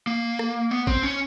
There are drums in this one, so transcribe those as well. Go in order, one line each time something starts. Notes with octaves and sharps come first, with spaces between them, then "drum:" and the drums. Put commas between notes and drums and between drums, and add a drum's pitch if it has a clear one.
A#3
drum: rim click
B3
C4, drum: kick
C#4